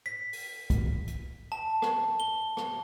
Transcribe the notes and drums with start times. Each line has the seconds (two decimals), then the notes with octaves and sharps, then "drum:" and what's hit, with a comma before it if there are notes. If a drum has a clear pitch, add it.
0.06 B6
0.33 drum: open hi-hat
0.70 drum: kick, hi-hat
1.07 drum: hi-hat
1.52 A5
1.82 drum: rim click
2.20 G7
2.57 drum: rim click